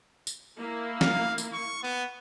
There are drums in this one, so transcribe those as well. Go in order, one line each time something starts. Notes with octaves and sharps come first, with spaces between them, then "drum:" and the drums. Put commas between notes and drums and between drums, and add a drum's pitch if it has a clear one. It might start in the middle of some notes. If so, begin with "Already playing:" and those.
drum: tambourine
A#3 E4
F5, drum: snare
drum: tambourine
C#6
B3